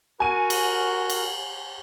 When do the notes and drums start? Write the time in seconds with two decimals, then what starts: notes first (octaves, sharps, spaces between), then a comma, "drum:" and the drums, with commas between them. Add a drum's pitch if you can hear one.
0.20 F#4 A#4 G#5 D#7
0.50 drum: cymbal
1.10 drum: cymbal